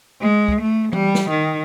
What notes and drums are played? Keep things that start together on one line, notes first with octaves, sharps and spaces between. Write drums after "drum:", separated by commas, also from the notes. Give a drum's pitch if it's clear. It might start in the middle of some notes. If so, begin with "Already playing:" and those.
G#3
drum: kick
A3
G3, drum: tom E3
drum: snare
D#3